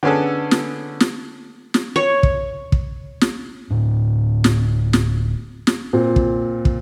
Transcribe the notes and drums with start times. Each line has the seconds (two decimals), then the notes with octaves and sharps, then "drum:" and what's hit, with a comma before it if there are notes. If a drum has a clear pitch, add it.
0.03 D3 B3 C#4 G#4 A4
0.51 drum: snare
1.00 drum: snare
1.74 drum: snare
1.96 C#5
2.23 drum: kick
2.72 drum: kick
3.21 drum: snare
3.71 D1 A2 D4
4.44 drum: snare
4.93 drum: snare
5.67 drum: snare
5.93 A#2 C4
6.16 drum: kick
6.65 drum: kick